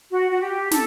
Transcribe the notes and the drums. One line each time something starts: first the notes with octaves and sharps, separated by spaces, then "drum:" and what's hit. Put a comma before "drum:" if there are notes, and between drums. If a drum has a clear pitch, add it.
F#4
F#4
G4
A4, drum: snare